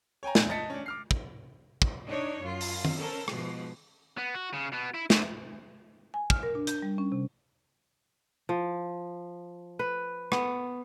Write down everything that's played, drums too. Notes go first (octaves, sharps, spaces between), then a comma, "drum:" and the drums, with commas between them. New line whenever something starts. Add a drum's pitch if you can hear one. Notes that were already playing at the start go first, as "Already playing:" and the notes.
C#5 G5 G#5 A#5
A#1 E2, drum: snare
D#5 A5 A6 B6 C#7
C#4 D4
D6 F6 C7
drum: kick
drum: kick
D4 D#4 C#5
F#2 F4
drum: open hi-hat
drum: tom D#3
C#4 A4 A#4 C5
G#2 B2 F3 G#3, drum: rim click
B3
F#4
C#3
B2 B3
E4
F#2 A#2, drum: snare
G#5
F6, drum: kick
A#4
D4
G6, drum: hi-hat
G3
C#4
C3
F3
B4
B3, drum: rim click